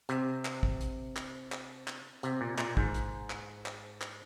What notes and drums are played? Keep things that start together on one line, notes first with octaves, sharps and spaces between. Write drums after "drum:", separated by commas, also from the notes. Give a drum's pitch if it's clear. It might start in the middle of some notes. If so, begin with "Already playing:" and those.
C3, drum: hi-hat
drum: clap
drum: kick
drum: hi-hat
drum: clap
drum: clap
drum: clap
C3, drum: hi-hat
A#2
A#2, drum: clap
G#2, drum: kick
drum: hi-hat
drum: clap
drum: clap
drum: clap